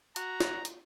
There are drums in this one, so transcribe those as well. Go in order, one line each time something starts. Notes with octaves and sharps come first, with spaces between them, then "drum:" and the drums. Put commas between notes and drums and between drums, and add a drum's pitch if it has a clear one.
F#4 A#5, drum: hi-hat
drum: snare
drum: hi-hat